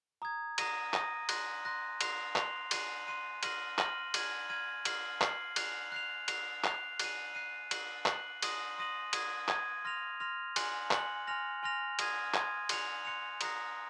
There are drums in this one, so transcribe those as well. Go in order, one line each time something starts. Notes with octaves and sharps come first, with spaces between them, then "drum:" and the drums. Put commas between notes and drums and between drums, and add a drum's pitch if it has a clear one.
A#5 D#6 G#6
A#5 D#6 A#6 D#7, drum: cymbal
A#5 D#6 A#6 D#7, drum: clap
C6 F#6 A#6, drum: cymbal
C6 F#6 A#6
C6 F#6 C7 F7, drum: cymbal
C6 F#6 C7 F7, drum: clap
C6 F#6 C7 D#7, drum: cymbal
C6 F#6 C7 D#7
C6 F6 A#6 D#7 F#7, drum: cymbal
C6 F6 A#6 D#7 F#7, drum: clap
F6 G#6 D#7 F#7, drum: cymbal
F6 G#6 D#7 F#7
F6 C7 F#7, drum: cymbal
F6 C7 F#7, drum: clap
F#6 C7 F7, drum: cymbal
F#6 C7 F7
F#6 C7 F7, drum: cymbal
F#6 C7 F7, drum: clap
F#6 C7 D#7, drum: cymbal
F#6 C7 D#7
F#6 C7 F#7, drum: cymbal
F#6 C7 F#7, drum: clap
C6 D#6 A#6 D#7 F#7, drum: cymbal
C6 D#6 A#6 D#7 F#7
D#6 G#6 D#7, drum: cymbal
D#6 G#6 D#7, drum: clap
C6 F6 A#6 F7
C6 F6 A#6 F7
G#5 C6 F#6 C#7 F#7, drum: cymbal
G#5 C6 F#6 C#7 F#7, drum: clap
G#5 C6 F6 A#6 F7
G#5 C6 F6 A#6 F7
C6 D#6 G#6 D#7, drum: cymbal
C6 D#6 G#6 D#7, drum: clap
C6 F#6 C#7 F7, drum: cymbal
C6 F#6 C#7 F7
A#5 D#6 F#6 A#6 C#7, drum: cymbal